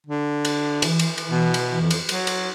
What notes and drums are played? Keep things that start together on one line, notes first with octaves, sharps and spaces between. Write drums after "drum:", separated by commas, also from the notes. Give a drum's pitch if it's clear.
D3
drum: cymbal
E3, drum: cymbal
drum: cymbal
drum: cymbal
B2
drum: cymbal
F2
drum: cymbal
F#3, drum: cymbal
drum: cymbal